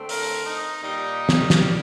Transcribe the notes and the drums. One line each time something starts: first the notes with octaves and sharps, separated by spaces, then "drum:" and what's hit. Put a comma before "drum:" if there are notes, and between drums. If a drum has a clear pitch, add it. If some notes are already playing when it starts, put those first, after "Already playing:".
Already playing: D3 A3 C4
A#4, drum: open hi-hat
D#4
A#2 G3 A#3 D#4
drum: snare
drum: snare